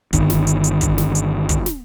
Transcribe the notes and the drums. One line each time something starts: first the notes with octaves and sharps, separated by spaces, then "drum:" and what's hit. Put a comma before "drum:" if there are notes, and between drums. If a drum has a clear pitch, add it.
G1 D#3, drum: kick, hi-hat
drum: snare
drum: hi-hat
drum: hi-hat
drum: kick, hi-hat
drum: snare
drum: hi-hat
drum: kick, hi-hat
drum: snare